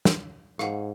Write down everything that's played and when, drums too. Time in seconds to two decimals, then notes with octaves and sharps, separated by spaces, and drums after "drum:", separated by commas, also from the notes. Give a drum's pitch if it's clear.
0.05 drum: snare
0.59 G#2 F5 F#5, drum: rim click